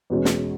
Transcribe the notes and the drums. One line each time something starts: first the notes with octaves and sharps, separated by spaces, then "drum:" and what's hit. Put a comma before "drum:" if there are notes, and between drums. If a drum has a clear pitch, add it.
E2 B2 G#3 C#4
drum: snare